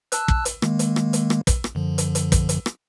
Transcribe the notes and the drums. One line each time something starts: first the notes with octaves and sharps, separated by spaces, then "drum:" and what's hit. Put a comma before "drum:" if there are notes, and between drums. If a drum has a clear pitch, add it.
A5 E6 F#6, drum: hi-hat
drum: kick
drum: hi-hat
D#3 G#3 A#3, drum: rim click
drum: hi-hat
drum: rim click
drum: hi-hat
drum: rim click
drum: kick, hi-hat
drum: rim click
F#2 D3 F3
drum: hi-hat
drum: hi-hat
drum: kick, hi-hat
drum: hi-hat
drum: rim click